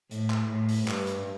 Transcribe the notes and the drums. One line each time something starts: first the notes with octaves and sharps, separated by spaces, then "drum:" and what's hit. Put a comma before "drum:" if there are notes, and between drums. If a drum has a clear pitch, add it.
A2, drum: hi-hat
drum: clap
A2
drum: open hi-hat
G2, drum: clap
drum: hi-hat